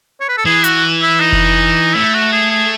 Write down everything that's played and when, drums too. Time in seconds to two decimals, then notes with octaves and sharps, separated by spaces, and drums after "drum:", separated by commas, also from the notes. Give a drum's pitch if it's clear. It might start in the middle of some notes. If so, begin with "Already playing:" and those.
0.20 C#5
0.29 B4
0.37 A4
0.46 E3 G#4
0.64 F#4, drum: hi-hat
1.01 E4
1.20 D#4
1.32 drum: kick F1
1.95 A3 E4
2.14 F#4
2.32 G#4
2.50 G#4